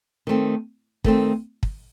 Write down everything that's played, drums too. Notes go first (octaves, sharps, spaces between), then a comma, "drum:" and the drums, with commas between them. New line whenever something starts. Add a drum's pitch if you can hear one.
D#3 A3 C4
D#3 A3 C4, drum: kick
drum: kick